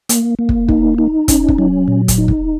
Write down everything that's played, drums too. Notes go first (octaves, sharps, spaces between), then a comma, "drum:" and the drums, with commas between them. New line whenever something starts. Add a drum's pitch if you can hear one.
A#3, drum: hi-hat
A#3
drum: kick
D#4, drum: kick
D#4
C#4, drum: kick, hi-hat
drum: kick
F#3
A#2
drum: kick, hi-hat
D#4
drum: kick